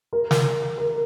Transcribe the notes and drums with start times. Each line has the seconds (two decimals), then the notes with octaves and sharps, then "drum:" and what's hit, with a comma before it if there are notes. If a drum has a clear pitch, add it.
0.13 A#4
0.31 drum: snare
0.78 A#4